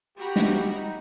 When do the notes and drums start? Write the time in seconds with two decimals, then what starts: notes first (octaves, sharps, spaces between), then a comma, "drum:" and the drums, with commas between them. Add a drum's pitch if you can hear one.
0.17 F#4 G4 A#5 B5
0.36 drum: snare
0.64 D#4